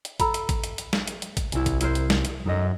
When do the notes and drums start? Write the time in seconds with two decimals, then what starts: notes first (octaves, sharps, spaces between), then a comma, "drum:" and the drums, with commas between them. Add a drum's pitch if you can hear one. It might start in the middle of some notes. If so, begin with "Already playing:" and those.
0.05 drum: hi-hat
0.20 A4 A#5 B5, drum: kick, hi-hat
0.34 drum: hi-hat
0.49 drum: kick, hi-hat
0.64 drum: hi-hat
0.78 drum: hi-hat
0.93 drum: snare
1.07 drum: hi-hat
1.22 drum: hi-hat
1.37 drum: kick, hi-hat
1.52 C2 E4 G#5, drum: hi-hat
1.66 drum: kick, hi-hat
1.81 E4 A#4 C5, drum: hi-hat
1.95 drum: hi-hat
2.10 drum: snare
2.25 drum: hi-hat
2.45 F#2 D#4 A4 D#5